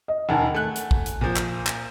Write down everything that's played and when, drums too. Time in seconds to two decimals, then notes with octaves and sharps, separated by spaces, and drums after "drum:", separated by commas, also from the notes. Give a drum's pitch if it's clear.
0.08 D#5
0.29 E1 D#2 F#5 G#5 A5
0.54 A3 F#6
0.76 drum: hi-hat
0.91 drum: kick
1.06 drum: hi-hat
1.21 A#2 F3
1.36 drum: clap
1.66 drum: clap